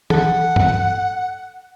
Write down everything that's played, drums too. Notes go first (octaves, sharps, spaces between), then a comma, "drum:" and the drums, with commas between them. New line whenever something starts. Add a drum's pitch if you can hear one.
A4 F#5, drum: tom E3
drum: tom G2